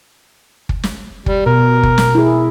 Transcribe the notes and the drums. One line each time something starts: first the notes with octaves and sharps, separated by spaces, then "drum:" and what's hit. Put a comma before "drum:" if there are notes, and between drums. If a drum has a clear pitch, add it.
drum: kick
drum: snare
G3, drum: kick
B2 A#4
drum: kick
drum: snare
E4 G#4